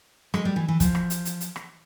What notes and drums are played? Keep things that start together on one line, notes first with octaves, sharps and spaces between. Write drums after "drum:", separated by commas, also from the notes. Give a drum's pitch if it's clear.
G#3, drum: rim click
G3
E3
E3
F3, drum: kick, hi-hat
drum: rim click
drum: hi-hat
drum: hi-hat
drum: hi-hat
drum: rim click